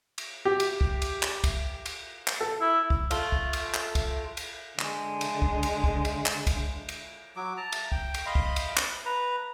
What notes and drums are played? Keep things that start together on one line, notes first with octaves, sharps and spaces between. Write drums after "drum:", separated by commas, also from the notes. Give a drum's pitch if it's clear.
drum: cymbal
G4
drum: cymbal
drum: kick
drum: cymbal
drum: clap
drum: kick, cymbal
drum: cymbal
drum: clap
A4
E4
drum: kick
A3 F4, drum: cymbal
drum: kick
drum: cymbal
drum: clap
drum: kick, cymbal
drum: cymbal
D3 G#3, drum: clap
drum: cymbal
drum: kick
drum: cymbal
drum: kick
drum: cymbal
drum: clap
drum: kick, cymbal
drum: cymbal
F#3 D6
A5 A#5
drum: cymbal
G5, drum: kick
drum: cymbal
D#5 F5 B5 C6
drum: kick
drum: cymbal
drum: clap
B4 A#5